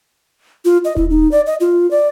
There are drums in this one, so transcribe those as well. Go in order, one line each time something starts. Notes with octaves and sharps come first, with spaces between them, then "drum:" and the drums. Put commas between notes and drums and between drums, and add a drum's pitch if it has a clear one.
F4
D#5
E4, drum: kick D#1
D#4
D5
D#5
F4
D5